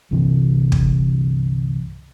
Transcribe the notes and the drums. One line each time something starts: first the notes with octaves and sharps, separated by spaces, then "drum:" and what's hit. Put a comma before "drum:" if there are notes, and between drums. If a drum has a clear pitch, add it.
G1 C2 C3 E3
drum: kick